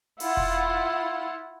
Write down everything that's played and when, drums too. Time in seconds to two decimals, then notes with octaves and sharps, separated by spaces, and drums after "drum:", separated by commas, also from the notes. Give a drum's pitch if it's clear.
0.20 E4 F4 F#5, drum: open hi-hat
0.37 drum: kick E1